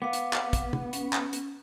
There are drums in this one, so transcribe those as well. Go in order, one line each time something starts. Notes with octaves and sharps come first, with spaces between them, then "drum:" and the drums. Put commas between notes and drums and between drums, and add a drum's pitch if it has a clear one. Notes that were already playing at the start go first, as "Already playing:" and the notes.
B3 F5 D6
drum: hi-hat
drum: clap
drum: kick, hi-hat
drum: tom
C#4, drum: hi-hat
drum: clap
drum: hi-hat